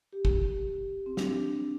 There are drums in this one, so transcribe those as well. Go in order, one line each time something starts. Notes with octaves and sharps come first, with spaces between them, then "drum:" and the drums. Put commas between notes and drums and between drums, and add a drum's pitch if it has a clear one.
G4
drum: kick
C4
D4, drum: snare